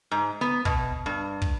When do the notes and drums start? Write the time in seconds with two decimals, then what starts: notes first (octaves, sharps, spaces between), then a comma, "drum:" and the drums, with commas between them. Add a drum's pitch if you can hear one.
0.11 G#2
0.41 B3
0.65 B2, drum: kick
1.06 G2
1.42 drum: kick